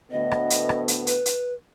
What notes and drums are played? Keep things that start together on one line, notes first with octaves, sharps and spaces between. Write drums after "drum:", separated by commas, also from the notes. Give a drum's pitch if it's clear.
D2 A2 B3 D#5
drum: rim click
drum: hi-hat
drum: rim click
drum: hi-hat
B4, drum: hi-hat
drum: hi-hat